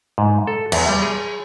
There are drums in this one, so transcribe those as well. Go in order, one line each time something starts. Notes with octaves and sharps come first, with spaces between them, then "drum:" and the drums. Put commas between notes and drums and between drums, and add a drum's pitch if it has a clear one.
G#2
A4
E2, drum: cymbal
G3
G#4